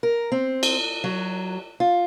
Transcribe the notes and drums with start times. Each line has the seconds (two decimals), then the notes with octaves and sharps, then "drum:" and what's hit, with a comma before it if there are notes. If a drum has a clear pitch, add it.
0.03 A#4
0.32 C4
0.63 drum: cymbal
1.04 F#3
1.80 F4